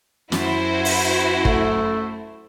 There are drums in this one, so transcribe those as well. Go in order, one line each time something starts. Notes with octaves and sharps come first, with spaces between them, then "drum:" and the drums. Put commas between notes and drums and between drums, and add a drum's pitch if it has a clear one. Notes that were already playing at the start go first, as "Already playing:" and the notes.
F#2 E4 F#4 C5, drum: snare
drum: open hi-hat
A3, drum: kick